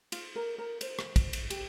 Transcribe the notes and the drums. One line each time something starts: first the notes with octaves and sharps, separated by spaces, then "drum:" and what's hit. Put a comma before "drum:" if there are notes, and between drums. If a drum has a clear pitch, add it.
F4, drum: cymbal
A#4
A#4
C5, drum: cymbal
drum: rim click
drum: kick, cymbal
drum: cymbal
G4, drum: cymbal